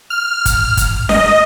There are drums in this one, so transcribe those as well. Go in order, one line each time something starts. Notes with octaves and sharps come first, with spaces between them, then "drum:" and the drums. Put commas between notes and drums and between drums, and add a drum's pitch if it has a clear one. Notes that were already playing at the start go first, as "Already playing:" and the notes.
F6
drum: kick, hi-hat
drum: kick, hi-hat
D#5, drum: snare C#4